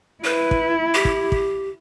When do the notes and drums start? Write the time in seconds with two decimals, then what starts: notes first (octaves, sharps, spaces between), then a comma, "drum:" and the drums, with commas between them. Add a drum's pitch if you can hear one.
0.24 E4 B4
0.51 drum: kick
0.94 G4
1.05 drum: kick
1.32 drum: kick